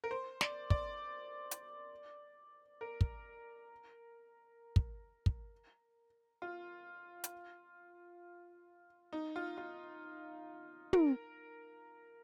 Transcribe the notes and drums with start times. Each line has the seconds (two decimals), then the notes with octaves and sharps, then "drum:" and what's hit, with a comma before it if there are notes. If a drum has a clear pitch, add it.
0.04 A#4
0.11 C5
0.41 D5, drum: snare
0.70 D5, drum: kick
1.51 drum: hi-hat
2.81 A#4
3.01 drum: kick
4.76 drum: kick
5.26 drum: kick
6.42 F4
7.24 drum: hi-hat
9.13 D#4
9.36 F4
9.58 F4
10.93 A#4, drum: tom